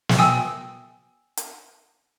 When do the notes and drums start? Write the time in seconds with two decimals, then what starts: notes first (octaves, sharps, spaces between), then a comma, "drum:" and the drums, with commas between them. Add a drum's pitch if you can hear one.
0.09 drum: snare
0.18 G5 G#5 D#6 E6
1.37 drum: hi-hat